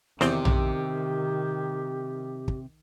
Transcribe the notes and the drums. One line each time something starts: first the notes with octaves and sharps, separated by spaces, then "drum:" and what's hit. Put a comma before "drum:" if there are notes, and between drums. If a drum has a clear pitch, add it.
E2 C3 D#3 C4 G4 G5, drum: snare
drum: tom A#1
drum: kick